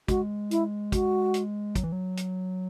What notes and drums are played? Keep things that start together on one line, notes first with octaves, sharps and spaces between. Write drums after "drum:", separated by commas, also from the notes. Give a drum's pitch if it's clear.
G#3 F#4, drum: kick, hi-hat
E4, drum: hi-hat
F#4, drum: kick, hi-hat
drum: hi-hat
F#3, drum: kick, hi-hat
E3
F#3
drum: hi-hat